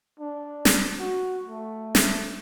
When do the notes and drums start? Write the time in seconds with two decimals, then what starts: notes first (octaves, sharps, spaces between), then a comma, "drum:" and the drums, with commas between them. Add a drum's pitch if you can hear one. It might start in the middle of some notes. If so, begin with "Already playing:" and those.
0.20 D4
0.65 drum: snare
0.99 F#4
1.46 A3
1.95 drum: snare